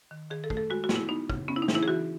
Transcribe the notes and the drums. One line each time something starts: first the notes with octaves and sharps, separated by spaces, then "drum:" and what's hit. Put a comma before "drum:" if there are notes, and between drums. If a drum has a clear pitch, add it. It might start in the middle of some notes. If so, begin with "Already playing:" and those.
D#3
D#3 G#4
A4
A3, drum: kick
A4
G#3 F#4
F#4
B3, drum: snare
E4
B3 D#4
C#3, drum: kick
B3 C#4
E4
D#4
E3, drum: snare
E4
G#4
E3 F#4